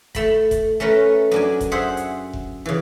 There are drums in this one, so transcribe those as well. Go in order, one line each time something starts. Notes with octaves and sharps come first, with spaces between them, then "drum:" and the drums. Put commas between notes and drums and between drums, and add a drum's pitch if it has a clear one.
A3 B5, drum: kick F1, hi-hat
drum: kick F1, hi-hat
A3 C#4 A#4 B4
F#2 D4 G#5
drum: kick F1, hi-hat
G#4 C5 E5 F#5
drum: hi-hat
drum: kick F1
C#3 E3